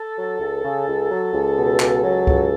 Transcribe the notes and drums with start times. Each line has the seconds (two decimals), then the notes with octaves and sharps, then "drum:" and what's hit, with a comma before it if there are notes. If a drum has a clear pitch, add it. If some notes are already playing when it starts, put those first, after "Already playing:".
Already playing: A4
0.16 F#3
0.39 C#2
0.63 C#3
0.87 C#2
1.10 F#3
1.33 C#2
1.57 B2
1.80 C#2, drum: clap
2.03 F#3
2.27 C#2, drum: kick C#2